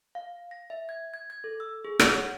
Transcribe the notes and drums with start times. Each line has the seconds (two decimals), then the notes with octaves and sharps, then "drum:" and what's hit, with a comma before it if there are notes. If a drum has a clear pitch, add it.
0.15 F5
0.51 A#6
0.70 E5
0.89 G#6
1.14 G#6
1.30 G#6
1.44 A4
1.60 E6
1.85 G#4
1.99 F#5, drum: rim click
2.15 C#5